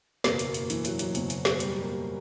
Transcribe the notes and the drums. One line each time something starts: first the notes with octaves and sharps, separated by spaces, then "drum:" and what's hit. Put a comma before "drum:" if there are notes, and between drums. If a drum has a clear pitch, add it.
F#1 E2 B2 A#3, drum: snare
drum: hi-hat
drum: hi-hat
E3, drum: hi-hat
F#3, drum: hi-hat
F#3, drum: hi-hat
F#1 E2 B2, drum: hi-hat
drum: hi-hat
drum: snare
G3, drum: hi-hat
A#3